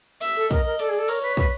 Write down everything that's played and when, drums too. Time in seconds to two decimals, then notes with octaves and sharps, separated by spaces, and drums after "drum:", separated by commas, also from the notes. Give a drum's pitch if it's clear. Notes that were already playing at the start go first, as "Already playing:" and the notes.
0.21 E5, drum: cymbal
0.36 A4
0.51 A#4 D#5, drum: kick
0.65 A#4
0.79 A4 D5, drum: cymbal
0.89 G#4
0.98 A4
1.08 A#4 C#5, drum: cymbal
1.22 B4
1.37 B4, drum: kick